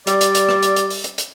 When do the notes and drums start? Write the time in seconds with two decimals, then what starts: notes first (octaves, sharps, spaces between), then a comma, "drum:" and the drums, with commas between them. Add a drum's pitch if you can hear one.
0.07 G3 D5, drum: hi-hat
0.21 drum: hi-hat
0.35 drum: hi-hat
0.49 drum: rim click
0.62 drum: hi-hat
0.76 drum: hi-hat
0.90 drum: open hi-hat
1.04 drum: hi-hat
1.18 drum: hi-hat